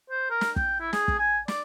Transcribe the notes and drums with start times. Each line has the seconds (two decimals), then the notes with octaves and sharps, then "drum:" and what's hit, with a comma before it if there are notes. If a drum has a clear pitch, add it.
0.10 C5
0.30 A#4
0.41 drum: snare
0.56 G5, drum: kick
0.80 E4
0.93 G#4, drum: snare
1.08 drum: kick
1.19 G#5
1.48 D5, drum: snare